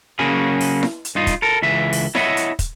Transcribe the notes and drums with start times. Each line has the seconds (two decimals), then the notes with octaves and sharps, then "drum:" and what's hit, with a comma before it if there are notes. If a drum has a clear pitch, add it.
0.19 C#3 F#3 A#3 C#4 G#4
0.61 drum: open hi-hat
0.83 drum: snare E4
1.05 drum: hi-hat
1.15 G2 D#4 F4
1.27 drum: kick, hi-hat
1.42 A4 A#4
1.62 C#2 E3 E5
1.93 drum: open hi-hat
2.15 E4 C#5 D#5 E5 F#5, drum: snare E4
2.37 drum: hi-hat
2.59 drum: kick, hi-hat